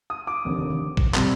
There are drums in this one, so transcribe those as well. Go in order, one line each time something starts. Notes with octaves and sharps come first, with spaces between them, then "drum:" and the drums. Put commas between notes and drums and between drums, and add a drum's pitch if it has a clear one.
D#6
D6
F1 D#2 D3
drum: kick A1
C3 G3 C4, drum: clap